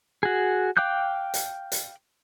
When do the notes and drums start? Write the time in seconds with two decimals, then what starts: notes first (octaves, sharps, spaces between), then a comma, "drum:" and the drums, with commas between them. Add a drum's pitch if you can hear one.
0.23 F#4 G#4
0.77 F5 G5 D6 F#6 G6
1.34 drum: hi-hat
1.72 drum: hi-hat